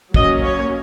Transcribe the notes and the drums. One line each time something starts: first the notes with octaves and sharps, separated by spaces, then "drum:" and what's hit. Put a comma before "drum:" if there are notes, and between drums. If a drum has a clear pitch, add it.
F#3 A#3 C#4 D#5, drum: kick
C#5